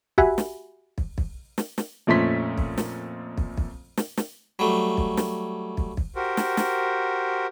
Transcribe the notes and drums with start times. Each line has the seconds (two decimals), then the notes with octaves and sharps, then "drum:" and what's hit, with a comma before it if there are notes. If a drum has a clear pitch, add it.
0.18 F#4 G4 E5 F#5 G#5 B5, drum: kick
0.38 drum: snare
0.98 drum: kick
1.18 drum: kick
1.58 drum: snare
1.78 drum: snare
2.07 F2 A#2 A3 C#4 C6 B6
2.58 drum: kick
2.78 drum: snare
3.37 drum: kick
3.57 drum: kick
3.97 drum: snare
4.17 drum: snare
4.59 F#3 G3 A3
4.97 drum: kick
5.17 drum: snare
5.77 drum: kick
5.97 drum: kick
6.16 F#4 G4 A#4 C5
6.37 drum: snare
6.57 drum: snare